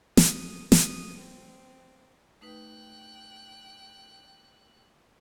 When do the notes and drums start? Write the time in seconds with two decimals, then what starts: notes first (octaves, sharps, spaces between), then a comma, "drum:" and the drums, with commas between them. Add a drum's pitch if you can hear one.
0.17 D#6, drum: snare
0.72 D#6, drum: snare
1.18 C4
2.41 A3 D#4 B4 G5 F#6